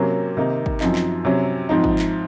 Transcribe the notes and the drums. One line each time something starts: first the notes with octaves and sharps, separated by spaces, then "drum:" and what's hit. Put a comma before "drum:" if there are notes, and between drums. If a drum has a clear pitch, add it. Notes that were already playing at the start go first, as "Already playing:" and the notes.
Already playing: C3 F#3 A#3 C#4
C3 D#3 A#3 D#4
drum: kick
F#2 F3 C4 D#4, drum: clap
drum: clap
C3 F#3 C#4
G#2 F3 C4 D#4
drum: kick
drum: clap